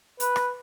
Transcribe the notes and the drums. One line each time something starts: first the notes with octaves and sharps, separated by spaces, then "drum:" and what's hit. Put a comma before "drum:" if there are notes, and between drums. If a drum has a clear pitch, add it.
B4, drum: hi-hat
drum: rim click